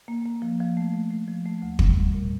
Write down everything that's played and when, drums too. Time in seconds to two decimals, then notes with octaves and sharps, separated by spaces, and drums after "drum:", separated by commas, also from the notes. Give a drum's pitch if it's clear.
0.08 A#3
0.25 A#3
0.42 F3
0.60 F3
0.77 A3
0.94 A3
1.11 A3
1.28 F3
1.46 A3
1.62 D2
1.79 G3, drum: kick
1.97 G3
2.14 A#2